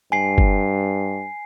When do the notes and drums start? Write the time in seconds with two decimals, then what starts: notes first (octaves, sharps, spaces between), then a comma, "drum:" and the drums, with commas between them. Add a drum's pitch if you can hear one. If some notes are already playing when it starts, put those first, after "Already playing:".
0.12 G2 G#5 C7
0.38 drum: kick F#1